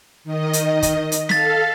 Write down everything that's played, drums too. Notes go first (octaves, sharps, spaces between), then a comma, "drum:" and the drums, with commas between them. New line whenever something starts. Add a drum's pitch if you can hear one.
D#3 D#5
drum: hi-hat
drum: kick, hi-hat
drum: hi-hat
A4 F5 A6 B6, drum: snare